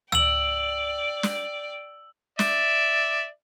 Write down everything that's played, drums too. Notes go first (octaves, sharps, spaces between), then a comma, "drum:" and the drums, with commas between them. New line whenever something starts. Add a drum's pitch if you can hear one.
D5 G5 E6 F#7, drum: tom C#2
drum: snare
D5 E5, drum: snare